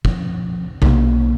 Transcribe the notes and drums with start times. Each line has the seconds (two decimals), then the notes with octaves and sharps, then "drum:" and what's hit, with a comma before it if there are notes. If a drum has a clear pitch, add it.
0.05 F3, drum: kick
0.82 B1 A#3, drum: tom C3